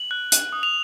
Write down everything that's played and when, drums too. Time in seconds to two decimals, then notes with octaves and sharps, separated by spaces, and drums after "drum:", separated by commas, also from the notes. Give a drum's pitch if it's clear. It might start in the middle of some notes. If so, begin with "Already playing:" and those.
Already playing: F#7
0.11 F#6
0.32 F#6, drum: hi-hat
0.52 D#6
0.63 F7